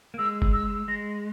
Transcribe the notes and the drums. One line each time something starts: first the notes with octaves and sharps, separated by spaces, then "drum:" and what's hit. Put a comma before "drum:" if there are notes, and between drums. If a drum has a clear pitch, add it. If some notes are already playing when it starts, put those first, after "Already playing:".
A#3
G#3 E6
drum: kick F#1
E6
G#3 A#6